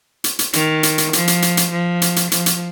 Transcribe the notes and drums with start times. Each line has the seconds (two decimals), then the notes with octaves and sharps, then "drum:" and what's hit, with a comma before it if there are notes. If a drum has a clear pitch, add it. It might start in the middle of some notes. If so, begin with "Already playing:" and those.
0.24 drum: hi-hat
0.39 drum: hi-hat
0.53 D#3, drum: hi-hat
0.83 drum: hi-hat
0.98 drum: hi-hat
1.13 F3, drum: hi-hat
1.28 drum: hi-hat
1.42 drum: hi-hat
1.57 drum: hi-hat
1.71 F3
2.02 drum: hi-hat
2.16 drum: hi-hat
2.32 F3, drum: hi-hat
2.46 drum: hi-hat